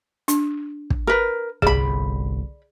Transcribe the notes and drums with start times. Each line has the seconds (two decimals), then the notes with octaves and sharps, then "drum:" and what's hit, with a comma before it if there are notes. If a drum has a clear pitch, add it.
0.28 D4, drum: hi-hat
0.90 drum: kick
1.07 A#4 B4
1.62 G1 C2 G#4 D5 B5, drum: kick